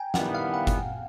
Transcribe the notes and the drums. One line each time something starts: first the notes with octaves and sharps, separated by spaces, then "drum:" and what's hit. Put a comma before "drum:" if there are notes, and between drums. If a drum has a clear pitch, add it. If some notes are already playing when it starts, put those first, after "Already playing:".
Already playing: G5 G#5 A#5
D#3 G3 B3 E4 F#5, drum: snare
F5
F#5
drum: kick G1, hi-hat